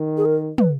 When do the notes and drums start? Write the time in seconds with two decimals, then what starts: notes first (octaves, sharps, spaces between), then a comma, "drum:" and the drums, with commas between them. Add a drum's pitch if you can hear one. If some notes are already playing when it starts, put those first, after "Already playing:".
Already playing: D#3
0.17 G#4
0.25 A#4
0.58 B4, drum: tom